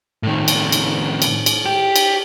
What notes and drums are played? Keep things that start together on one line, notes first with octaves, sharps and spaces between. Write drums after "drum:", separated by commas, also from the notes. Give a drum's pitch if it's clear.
A2 D#3
drum: cymbal
drum: cymbal
drum: cymbal
drum: cymbal
G4
drum: cymbal